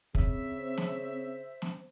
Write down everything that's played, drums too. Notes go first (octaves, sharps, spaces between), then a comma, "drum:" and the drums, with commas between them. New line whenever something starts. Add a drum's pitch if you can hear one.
C#3 C4 E5, drum: kick
C5
drum: snare
drum: snare